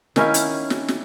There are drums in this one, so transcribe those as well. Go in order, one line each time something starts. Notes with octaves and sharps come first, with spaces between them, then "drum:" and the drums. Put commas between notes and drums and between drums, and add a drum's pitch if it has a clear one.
D#3 C#4 E4 F5, drum: snare
drum: hi-hat
drum: snare
drum: snare